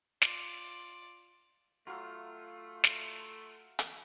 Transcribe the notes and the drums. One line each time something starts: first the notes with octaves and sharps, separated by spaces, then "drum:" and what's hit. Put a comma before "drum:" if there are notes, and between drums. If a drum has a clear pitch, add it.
F4 D5, drum: snare
F#3 A3 F4 F5
drum: snare
drum: hi-hat